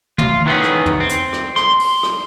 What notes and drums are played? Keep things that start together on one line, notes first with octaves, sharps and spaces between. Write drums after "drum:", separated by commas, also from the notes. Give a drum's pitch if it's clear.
F4, drum: tom
D#3 E3 B3 C#4 G#4
drum: rim click
drum: tom
C4
drum: hi-hat
drum: rim click
C6, drum: rim click
drum: open hi-hat
drum: rim click